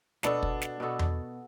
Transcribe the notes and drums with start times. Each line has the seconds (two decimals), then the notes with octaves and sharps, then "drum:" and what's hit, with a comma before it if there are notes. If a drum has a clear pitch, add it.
0.23 B2 B3 D4 F#4 A4, drum: snare
0.43 drum: kick
0.61 drum: snare
0.80 B2 B3 F#4 A4
0.99 drum: tom E2